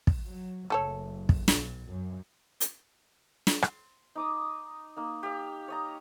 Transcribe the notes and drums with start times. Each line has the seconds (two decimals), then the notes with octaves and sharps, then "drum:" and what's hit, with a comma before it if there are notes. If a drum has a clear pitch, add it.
0.07 drum: kick
0.25 F#3
0.70 F#1 A3 A4 C#5
1.29 drum: kick
1.48 B1, drum: snare
1.85 F#2
2.60 drum: hi-hat
3.47 drum: snare
3.62 C6, drum: rim click
4.15 D#4 D6 D#6
4.97 A#3 D#4
5.23 G4 F5
5.68 C#5 D#5 A#5